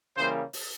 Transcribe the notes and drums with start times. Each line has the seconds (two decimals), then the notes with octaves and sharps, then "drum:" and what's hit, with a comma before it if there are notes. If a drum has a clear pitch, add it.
0.15 C#3 E3 G3 A#3 C5
0.53 drum: open hi-hat